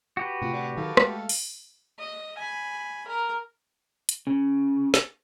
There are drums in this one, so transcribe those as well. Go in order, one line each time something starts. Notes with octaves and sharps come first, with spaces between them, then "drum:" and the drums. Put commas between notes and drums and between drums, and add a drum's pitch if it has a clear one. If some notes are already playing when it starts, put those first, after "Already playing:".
F#4 G4 B4
A2 C3 F3
D4 F#5
D#3 F#3 A4 F5
G#3 A3, drum: rim click
drum: open hi-hat
D#5
G#5 B5
A#4
drum: hi-hat
C#3 C#4
drum: snare